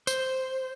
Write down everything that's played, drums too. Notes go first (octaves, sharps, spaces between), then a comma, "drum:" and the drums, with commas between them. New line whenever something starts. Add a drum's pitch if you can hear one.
C5, drum: tambourine